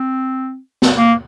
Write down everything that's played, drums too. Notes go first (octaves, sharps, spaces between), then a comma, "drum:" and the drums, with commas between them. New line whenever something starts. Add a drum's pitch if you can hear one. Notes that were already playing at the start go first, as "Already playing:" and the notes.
Already playing: C4
drum: snare
A#3